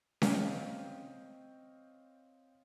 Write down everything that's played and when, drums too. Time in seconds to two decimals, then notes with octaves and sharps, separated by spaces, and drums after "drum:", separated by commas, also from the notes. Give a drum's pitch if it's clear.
0.22 C4 C#5 D#5 F5 G5 F6, drum: snare C#4